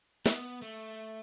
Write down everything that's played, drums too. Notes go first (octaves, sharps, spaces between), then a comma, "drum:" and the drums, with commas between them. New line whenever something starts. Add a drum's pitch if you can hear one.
B3, drum: snare
A3